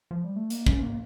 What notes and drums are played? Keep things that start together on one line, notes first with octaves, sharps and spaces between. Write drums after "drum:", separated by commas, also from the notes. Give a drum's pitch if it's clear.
F3
G3
A3
A#3, drum: hi-hat
C#4, drum: kick
A#3